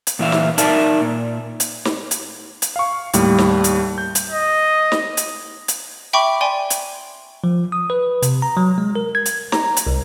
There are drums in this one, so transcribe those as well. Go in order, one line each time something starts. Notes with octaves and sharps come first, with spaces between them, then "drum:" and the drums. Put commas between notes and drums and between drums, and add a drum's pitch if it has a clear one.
drum: hi-hat
A#2 E3 E4 E5 F5
drum: snare
D#4 A#4 D5 E5 A5, drum: hi-hat
A#2
drum: hi-hat
drum: snare
drum: hi-hat
drum: hi-hat
F5 C#6
D#2 A2 G3, drum: hi-hat
drum: snare
drum: hi-hat
G6
drum: hi-hat
D#5
drum: snare
drum: hi-hat
drum: hi-hat
E5 G5 B5 C#6 D6
D5 G5 G#5 C6
drum: hi-hat
F3
D#6
B4
C3, drum: hi-hat
A#5
F#3
G#3
A#4
G#6
drum: hi-hat
A#5, drum: snare
drum: hi-hat
C2